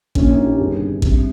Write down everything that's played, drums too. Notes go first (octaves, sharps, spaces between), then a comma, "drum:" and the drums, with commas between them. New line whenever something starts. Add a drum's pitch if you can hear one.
A#1 A#2 F3 C#4, drum: kick A1
D#4
G4
G1 G2 D#3 G3 G#4
C2 C3 G3, drum: kick A1